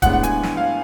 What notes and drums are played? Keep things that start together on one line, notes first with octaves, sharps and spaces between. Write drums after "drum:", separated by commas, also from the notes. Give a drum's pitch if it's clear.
A2 G#3 B3 D4 F#5, drum: kick D1, hi-hat
F#5
G#5, drum: hi-hat
drum: snare
F5